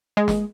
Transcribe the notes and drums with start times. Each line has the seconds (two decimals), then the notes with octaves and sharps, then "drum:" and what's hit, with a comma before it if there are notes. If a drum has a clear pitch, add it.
0.17 G#3
0.28 drum: snare